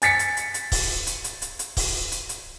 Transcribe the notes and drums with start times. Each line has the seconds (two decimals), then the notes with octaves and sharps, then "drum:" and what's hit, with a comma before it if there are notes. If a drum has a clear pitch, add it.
0.02 G#5 A6 B6 C#7, drum: hi-hat
0.19 drum: hi-hat
0.37 drum: hi-hat
0.54 drum: hi-hat
0.72 drum: kick, open hi-hat
1.07 drum: hi-hat
1.24 drum: hi-hat
1.42 drum: hi-hat
1.59 drum: hi-hat
1.77 drum: kick, open hi-hat
2.12 drum: hi-hat
2.29 drum: hi-hat